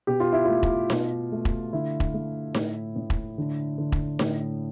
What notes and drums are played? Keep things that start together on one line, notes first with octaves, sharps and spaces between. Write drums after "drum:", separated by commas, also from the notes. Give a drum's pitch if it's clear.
B2 G4
F4
E4
A3 F4
drum: kick E1
B2, drum: snare D#4
A3
drum: kick E1
D3 E4
drum: kick E1
A3
A2, drum: snare D#4
A2
drum: kick E1
D3
D3
drum: kick E1
A2, drum: snare D#4